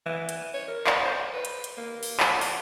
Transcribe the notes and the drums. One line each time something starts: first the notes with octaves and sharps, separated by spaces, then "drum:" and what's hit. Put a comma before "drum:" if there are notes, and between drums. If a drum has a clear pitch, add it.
E3
drum: hi-hat
C#5
A#4
drum: clap
C5
B4
drum: hi-hat
drum: hi-hat
A#3
drum: open hi-hat
F3, drum: clap
D5, drum: open hi-hat